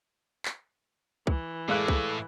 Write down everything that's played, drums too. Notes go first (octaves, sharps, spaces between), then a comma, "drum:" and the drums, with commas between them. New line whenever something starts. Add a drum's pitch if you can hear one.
drum: clap
E3, drum: kick C2
A2 G#3 A4 D5 E5 F5 F#6
drum: kick C2